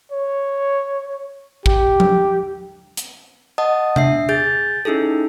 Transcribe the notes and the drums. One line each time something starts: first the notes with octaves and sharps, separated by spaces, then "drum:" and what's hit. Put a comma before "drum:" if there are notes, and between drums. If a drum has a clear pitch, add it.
C#5
G4, drum: kick
drum: tom F3
drum: hi-hat
D#5 F#5 A5 D#6
D4 E5 C7, drum: tom C3
G#4 G6 A6
C#4 D#4 E4 G#4 A4